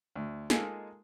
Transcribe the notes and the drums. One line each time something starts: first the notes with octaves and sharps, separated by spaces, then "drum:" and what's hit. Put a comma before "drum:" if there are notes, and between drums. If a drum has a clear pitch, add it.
D2
G#3 A#3 D#4 F4 G#4 A4, drum: snare